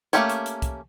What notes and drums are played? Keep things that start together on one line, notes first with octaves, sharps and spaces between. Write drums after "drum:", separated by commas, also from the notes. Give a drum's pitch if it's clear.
A3 A#3 C#4 G4 C#5, drum: hi-hat
drum: hi-hat
drum: hi-hat
drum: kick, hi-hat